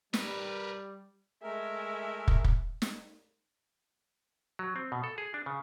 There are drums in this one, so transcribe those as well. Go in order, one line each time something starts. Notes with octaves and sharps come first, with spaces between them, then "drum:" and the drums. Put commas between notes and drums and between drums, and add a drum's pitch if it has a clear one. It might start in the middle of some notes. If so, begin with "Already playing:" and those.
G3 A#4 B4, drum: snare
G#3 A3 A#4 E5
drum: kick
drum: kick
drum: snare
F#3
C4
B2
A4
G#4
D4
C#3